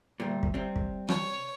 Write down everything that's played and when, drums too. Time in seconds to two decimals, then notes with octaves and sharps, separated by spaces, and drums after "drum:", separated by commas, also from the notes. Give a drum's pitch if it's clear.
0.20 D2 A#2 G3 A3
0.43 drum: kick
0.54 C3 G3 C4
0.76 drum: kick
1.09 C#5, drum: rim click